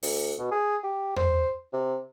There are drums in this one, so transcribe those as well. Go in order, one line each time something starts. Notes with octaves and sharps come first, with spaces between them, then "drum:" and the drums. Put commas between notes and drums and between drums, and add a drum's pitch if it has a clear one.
D2, drum: open hi-hat
B2
G#4
G4
C5, drum: tom E2
C3